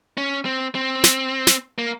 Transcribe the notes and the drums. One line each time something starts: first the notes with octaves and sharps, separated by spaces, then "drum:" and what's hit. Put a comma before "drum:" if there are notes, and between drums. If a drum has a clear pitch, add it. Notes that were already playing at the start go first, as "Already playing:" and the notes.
C#4
C4
C4
drum: snare
drum: snare
A#3